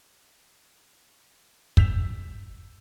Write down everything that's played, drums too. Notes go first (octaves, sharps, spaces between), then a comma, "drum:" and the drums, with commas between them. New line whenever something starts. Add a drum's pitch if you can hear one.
E6 G6 B6 E7 F7, drum: kick